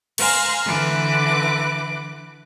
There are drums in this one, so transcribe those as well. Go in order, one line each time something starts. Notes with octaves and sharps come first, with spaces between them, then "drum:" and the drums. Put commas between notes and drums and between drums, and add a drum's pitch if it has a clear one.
C5 F5 G#5 A#5, drum: cymbal
D3 E3 B4 D6 F#6